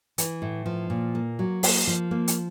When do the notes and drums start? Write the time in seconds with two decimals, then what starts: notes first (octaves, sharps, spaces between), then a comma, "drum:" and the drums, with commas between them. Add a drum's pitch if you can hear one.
0.18 E3, drum: hi-hat
0.42 A2
0.66 F3
0.90 A#2
1.15 A#3
1.39 F#3
1.63 A#3, drum: open hi-hat
1.87 F3
2.11 A#3
2.28 drum: hi-hat